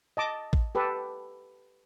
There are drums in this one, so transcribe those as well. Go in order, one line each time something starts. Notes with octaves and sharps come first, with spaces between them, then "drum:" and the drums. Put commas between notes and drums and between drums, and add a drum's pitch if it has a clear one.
D#5 A5 D6
drum: kick A1
G4 A4 B4